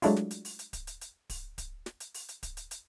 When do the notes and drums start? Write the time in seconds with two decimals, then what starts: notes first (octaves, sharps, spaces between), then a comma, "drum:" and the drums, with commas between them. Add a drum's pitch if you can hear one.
0.02 F#3 G#3 A3 D4 E4 F4, drum: open hi-hat
0.16 drum: snare
0.31 drum: hi-hat
0.45 drum: open hi-hat
0.59 drum: hi-hat
0.73 drum: kick D1, hi-hat
0.87 drum: hi-hat
1.01 drum: hi-hat
1.30 drum: kick D1, open hi-hat
1.58 drum: kick D1, hi-hat
1.86 drum: snare
2.00 drum: hi-hat
2.14 drum: open hi-hat
2.28 drum: hi-hat
2.43 drum: kick D1, hi-hat
2.57 drum: hi-hat
2.71 drum: hi-hat